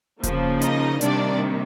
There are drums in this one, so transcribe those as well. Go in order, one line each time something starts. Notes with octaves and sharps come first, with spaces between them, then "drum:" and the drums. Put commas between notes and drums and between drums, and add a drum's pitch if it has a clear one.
C#3 F3 A#3, drum: kick E1, hi-hat
D#4 D#5, drum: hi-hat
C3 D#3 G3 A#3 D4 D5, drum: hi-hat